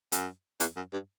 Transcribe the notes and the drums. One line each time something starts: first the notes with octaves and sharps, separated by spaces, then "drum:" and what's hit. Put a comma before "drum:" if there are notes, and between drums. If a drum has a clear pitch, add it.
F#2, drum: hi-hat
E2, drum: hi-hat
F#2
G2